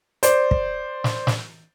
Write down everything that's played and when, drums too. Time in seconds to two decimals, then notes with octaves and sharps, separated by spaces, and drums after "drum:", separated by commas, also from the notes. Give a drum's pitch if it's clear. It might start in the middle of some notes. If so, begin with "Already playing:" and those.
0.23 C5 D5, drum: hi-hat
0.51 drum: kick
1.04 drum: snare
1.27 drum: snare